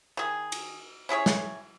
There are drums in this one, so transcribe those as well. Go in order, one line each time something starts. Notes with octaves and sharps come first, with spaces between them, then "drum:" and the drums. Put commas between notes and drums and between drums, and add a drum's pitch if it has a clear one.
D#3 G#4
drum: cymbal
C#4 E4 G#4 C#5
drum: snare